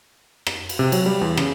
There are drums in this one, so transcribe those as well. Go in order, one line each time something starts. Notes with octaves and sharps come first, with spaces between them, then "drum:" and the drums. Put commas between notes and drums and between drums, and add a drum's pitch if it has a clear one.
drum: rim click
drum: cymbal
C3
F#3, drum: cymbal
G3
E2
C#3, drum: rim click